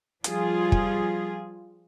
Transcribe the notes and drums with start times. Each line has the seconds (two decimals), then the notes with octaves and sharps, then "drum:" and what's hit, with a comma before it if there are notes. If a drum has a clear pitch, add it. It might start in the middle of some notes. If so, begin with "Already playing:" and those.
0.24 F3 G3 F4 G#4, drum: hi-hat
0.72 drum: kick